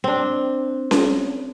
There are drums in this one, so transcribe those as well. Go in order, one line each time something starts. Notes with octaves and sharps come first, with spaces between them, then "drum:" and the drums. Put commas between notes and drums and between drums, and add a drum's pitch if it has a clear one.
C4 D4
drum: snare C#4